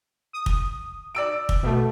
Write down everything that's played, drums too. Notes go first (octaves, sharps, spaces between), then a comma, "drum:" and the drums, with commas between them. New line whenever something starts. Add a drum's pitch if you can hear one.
D#6
drum: kick
D5 E6 D7
drum: kick
B2 A3